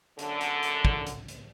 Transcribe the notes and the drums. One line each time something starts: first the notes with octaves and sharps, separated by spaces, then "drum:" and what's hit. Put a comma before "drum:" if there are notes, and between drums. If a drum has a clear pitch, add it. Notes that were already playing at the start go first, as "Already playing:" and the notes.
F#2 D3, drum: hi-hat
drum: hi-hat
drum: hi-hat
drum: kick
drum: hi-hat
drum: hi-hat